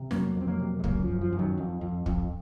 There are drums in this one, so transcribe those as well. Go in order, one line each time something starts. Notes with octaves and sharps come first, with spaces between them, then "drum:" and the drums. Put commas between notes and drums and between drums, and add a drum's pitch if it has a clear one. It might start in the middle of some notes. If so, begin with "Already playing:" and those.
Already playing: C3
F2 F#3 A#3, drum: snare
F2
C4
F#3 A#3
C3
G#3
C#3 F#3 A#3, drum: kick
F3
F#2
F3
F#2
D#3 F#3
F2
F2
F2, drum: kick